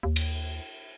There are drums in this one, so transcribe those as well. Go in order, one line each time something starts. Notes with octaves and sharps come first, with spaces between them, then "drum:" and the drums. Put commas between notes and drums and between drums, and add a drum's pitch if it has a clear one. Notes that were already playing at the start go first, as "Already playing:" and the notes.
D#2
drum: cymbal